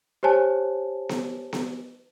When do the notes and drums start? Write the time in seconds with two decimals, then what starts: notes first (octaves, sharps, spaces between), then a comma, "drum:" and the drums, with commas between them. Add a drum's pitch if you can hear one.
0.23 G4 C5 C#5 G#5 A5
1.09 drum: snare B3
1.53 drum: snare B3